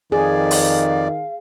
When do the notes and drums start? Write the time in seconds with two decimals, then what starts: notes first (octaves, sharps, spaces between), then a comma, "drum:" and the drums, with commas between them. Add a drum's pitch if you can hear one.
0.12 F2 D#3 G#4 D5 F5
0.51 drum: open hi-hat